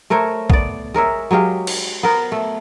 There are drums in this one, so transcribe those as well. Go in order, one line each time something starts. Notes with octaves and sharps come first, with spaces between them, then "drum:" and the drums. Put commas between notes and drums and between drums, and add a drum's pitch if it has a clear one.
A3 A#4 C5 C#5
B3 D5, drum: kick
G#3 A#4 C#5 E5
F#3 G#3 G4 F5
drum: cymbal
B3 A#4 C5
A3